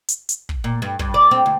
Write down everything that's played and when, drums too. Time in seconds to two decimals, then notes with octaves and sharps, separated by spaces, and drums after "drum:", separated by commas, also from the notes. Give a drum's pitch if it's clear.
0.09 drum: hi-hat
0.29 drum: hi-hat
0.49 drum: kick
0.64 A#2
0.82 G2
0.99 G2, drum: kick
1.14 D5
1.31 C4
1.46 D2